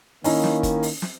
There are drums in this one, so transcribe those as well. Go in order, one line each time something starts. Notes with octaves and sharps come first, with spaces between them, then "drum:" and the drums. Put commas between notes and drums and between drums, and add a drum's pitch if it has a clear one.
D#3 A#3 C#4 D#4 E4, drum: open hi-hat
drum: snare
drum: kick, hi-hat
drum: open hi-hat
drum: snare